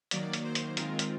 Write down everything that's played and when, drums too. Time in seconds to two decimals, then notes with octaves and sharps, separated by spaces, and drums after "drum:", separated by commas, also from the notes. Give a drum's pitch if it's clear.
0.11 D#3 F#3 A#3 D5, drum: hi-hat
0.33 drum: hi-hat
0.44 C5
0.55 drum: hi-hat
0.77 D#3 G#3 C4 F4 A#4, drum: hi-hat
0.99 drum: hi-hat